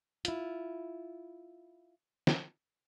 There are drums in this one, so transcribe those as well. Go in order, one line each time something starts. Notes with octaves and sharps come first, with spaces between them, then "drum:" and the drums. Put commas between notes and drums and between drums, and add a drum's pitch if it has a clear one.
E4 F4, drum: hi-hat
drum: snare